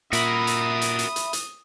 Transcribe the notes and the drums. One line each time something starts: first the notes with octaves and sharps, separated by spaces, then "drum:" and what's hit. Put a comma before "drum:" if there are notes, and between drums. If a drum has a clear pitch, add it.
A#2 F#4 A#4 E5 B5 D#6, drum: hi-hat
drum: hi-hat
drum: hi-hat
drum: hi-hat
drum: hi-hat
drum: hi-hat